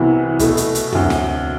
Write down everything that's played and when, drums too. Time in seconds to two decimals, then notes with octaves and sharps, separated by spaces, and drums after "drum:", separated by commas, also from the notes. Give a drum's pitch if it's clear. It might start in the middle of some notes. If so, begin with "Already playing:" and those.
Already playing: C2 C3 E3 B3 F#4
0.39 B2 A3 E4, drum: kick, hi-hat
0.57 drum: hi-hat
0.75 drum: hi-hat
0.92 D2 C3 F#3, drum: tom
1.10 drum: snare